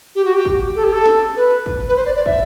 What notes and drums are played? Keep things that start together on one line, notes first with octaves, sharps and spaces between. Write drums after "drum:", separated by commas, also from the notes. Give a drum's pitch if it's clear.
G4
F#4
G4
drum: kick
A4
G4
A4
drum: snare
B4
drum: kick
B4
C5
D5
D5
E5, drum: kick